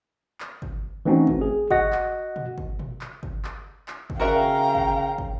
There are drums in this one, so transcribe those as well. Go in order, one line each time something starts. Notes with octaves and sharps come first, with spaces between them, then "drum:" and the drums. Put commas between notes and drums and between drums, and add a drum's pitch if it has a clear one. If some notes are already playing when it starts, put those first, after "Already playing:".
drum: clap
drum: kick
E3 A3 C4 C#4 D#4 F#4
drum: kick
G#4
F#4 D#5 F#5 A#6, drum: kick
drum: clap
drum: tom A#2
drum: kick
drum: tom A#2
drum: clap
drum: kick
drum: clap
drum: clap
drum: kick
C#3 F#4 A#4 E5 F5 G5 A#5
drum: kick
drum: kick